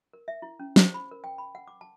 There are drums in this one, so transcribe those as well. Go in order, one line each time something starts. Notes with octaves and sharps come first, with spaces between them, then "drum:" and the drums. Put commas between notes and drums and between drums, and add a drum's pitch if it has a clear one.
A#4
E5
E4
C#4
C5, drum: snare
B5
A#4
G5
B5
F#5
D6
A5